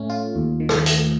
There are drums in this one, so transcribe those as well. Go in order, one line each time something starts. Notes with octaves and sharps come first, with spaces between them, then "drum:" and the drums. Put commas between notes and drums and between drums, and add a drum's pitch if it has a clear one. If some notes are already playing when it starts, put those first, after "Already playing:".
Already playing: A2 A3 C#4
F4
D#2
D#3
drum: rim click
A3, drum: hi-hat